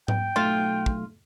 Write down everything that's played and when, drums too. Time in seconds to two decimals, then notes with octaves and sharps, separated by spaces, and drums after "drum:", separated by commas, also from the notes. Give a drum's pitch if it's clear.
0.08 G5, drum: tom G#2
0.36 B1 A3 F4
0.86 drum: kick